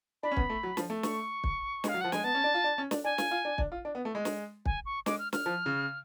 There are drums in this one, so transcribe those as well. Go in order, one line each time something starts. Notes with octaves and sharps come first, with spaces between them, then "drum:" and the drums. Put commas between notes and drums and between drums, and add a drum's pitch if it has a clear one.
D4 B5
C#4
B3, drum: kick
A3
F#3
F3, drum: snare
A3
C#6, drum: snare
drum: kick
G#3, drum: snare
F5
F#3
F3 F#5
G#3 G#5, drum: snare
B3 A5
C#4
D4
F4
D4
C#4
D4, drum: snare
D4 G#5
F4, drum: snare
F4
D4
D4, drum: kick
F4
D4
B3
A3
G#3
drum: snare
G#5, drum: kick
C#6
G#3 D6, drum: snare
F6
F6, drum: snare
F3
C#3